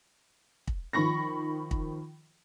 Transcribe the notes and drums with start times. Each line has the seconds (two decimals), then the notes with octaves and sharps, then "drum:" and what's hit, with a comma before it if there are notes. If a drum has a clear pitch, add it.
0.67 drum: kick
0.93 D#3 F3 B5 C#6 A#6
1.71 drum: kick